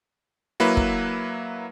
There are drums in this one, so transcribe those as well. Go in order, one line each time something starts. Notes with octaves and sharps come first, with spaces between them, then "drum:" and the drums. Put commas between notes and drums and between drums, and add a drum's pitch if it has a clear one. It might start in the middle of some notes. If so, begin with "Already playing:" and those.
F#3 A#3 E4 B4
drum: kick